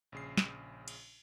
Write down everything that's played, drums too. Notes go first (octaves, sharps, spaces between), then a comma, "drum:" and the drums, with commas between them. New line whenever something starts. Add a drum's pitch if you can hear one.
A#1 C#3 C7
drum: snare
drum: cymbal